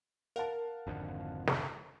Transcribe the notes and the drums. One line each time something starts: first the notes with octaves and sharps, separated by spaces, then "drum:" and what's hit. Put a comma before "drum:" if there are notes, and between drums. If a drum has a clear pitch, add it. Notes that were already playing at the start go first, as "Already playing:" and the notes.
A#4 F5 F#5 A5
G#1 F2 D3
drum: snare